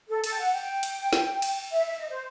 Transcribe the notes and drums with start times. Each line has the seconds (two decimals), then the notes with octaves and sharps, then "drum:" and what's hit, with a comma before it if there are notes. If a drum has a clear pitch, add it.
0.09 A4
0.24 A4, drum: cymbal
0.30 G5
0.38 F#5
0.53 G5
0.83 drum: cymbal
1.13 drum: snare
1.42 drum: cymbal
1.72 E5
1.87 E5
1.98 D#5
2.10 C5